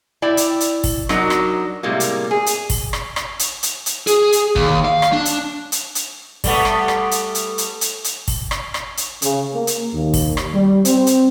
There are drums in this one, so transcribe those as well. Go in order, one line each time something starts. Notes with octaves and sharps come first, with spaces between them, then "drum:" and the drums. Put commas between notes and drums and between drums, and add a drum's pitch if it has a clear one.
E4 D5 G5
drum: hi-hat
drum: hi-hat
drum: kick, open hi-hat
F#3 D4 D#4 F#4 A#4, drum: rim click
drum: rim click
A2 C3 G3 G#3 A#3
drum: hi-hat
G#4
drum: hi-hat
drum: kick, open hi-hat
drum: rim click
drum: rim click
drum: hi-hat
drum: hi-hat
drum: hi-hat
G#4, drum: hi-hat
drum: hi-hat
D#2, drum: kick
F5
drum: rim click
D4
drum: hi-hat
drum: hi-hat
drum: hi-hat
G3 A3 B3, drum: kick, open hi-hat
drum: rim click
drum: rim click
drum: hi-hat
drum: hi-hat
drum: hi-hat
drum: hi-hat
drum: hi-hat
drum: kick, open hi-hat
drum: rim click
drum: rim click
drum: hi-hat
C#3, drum: hi-hat
A#3
drum: hi-hat
D#2
drum: kick, open hi-hat
drum: rim click
G3
C4, drum: hi-hat
drum: hi-hat